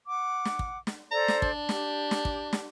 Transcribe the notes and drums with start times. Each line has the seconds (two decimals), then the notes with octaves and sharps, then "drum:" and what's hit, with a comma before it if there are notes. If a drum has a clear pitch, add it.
0.07 F#5 D6
0.45 drum: snare
0.59 drum: kick
0.87 drum: snare
1.11 A4 C5 D5 A#5
1.28 drum: snare
1.42 D4, drum: kick
1.69 G4, drum: snare
2.11 drum: snare
2.25 drum: kick
2.53 drum: snare